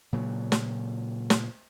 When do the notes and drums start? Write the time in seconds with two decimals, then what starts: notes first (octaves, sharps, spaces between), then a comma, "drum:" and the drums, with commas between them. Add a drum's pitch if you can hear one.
0.13 A#2 C#3 F#3
0.52 drum: snare
1.30 drum: snare